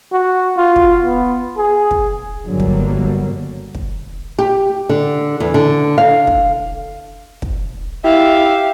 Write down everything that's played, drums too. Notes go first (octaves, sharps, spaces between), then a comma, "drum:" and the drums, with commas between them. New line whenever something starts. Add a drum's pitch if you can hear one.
F#4
F4
drum: kick
B3
G#4
drum: kick
G1 D3 F#3 G3 A#3
drum: kick
drum: kick
G4
D3
E2
D3
F5
drum: kick
drum: kick
E4 G4 E5 F5